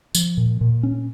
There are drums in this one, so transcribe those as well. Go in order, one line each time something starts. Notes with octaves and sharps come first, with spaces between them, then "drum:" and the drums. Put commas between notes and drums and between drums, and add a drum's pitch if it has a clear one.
F3, drum: tambourine
A#2
A#2
C#4